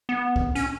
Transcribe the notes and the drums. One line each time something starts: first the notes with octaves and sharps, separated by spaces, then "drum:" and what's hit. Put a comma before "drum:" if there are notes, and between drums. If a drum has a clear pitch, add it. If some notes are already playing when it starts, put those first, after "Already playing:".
B3
drum: kick
C#4, drum: hi-hat